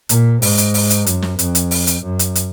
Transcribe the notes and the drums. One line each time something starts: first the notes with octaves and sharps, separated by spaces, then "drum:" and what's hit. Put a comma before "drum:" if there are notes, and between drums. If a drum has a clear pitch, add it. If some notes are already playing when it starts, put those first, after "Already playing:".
A#2, drum: hi-hat
G#2, drum: open hi-hat
drum: hi-hat
drum: open hi-hat
drum: hi-hat
F#2, drum: hi-hat
drum: snare
F2, drum: hi-hat
drum: hi-hat
drum: open hi-hat
drum: hi-hat
F#2
drum: hi-hat
drum: hi-hat